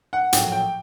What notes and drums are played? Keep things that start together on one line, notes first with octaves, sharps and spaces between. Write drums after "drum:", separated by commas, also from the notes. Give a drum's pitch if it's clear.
F#5
A#1 A2 F#3 G5, drum: hi-hat
G5